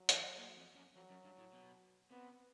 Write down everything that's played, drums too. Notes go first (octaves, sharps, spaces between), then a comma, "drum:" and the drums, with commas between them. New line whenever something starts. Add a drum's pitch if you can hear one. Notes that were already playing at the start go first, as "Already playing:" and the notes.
Already playing: F#3
E3, drum: hi-hat
A#2
F2
F#2
F2 F#3
F#2
G2
A2
B2
C3 B3